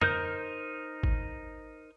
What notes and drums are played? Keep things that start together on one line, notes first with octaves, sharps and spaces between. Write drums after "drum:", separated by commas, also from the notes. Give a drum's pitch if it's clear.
D#4 A#4 C5 G6, drum: tom F2
drum: kick G#1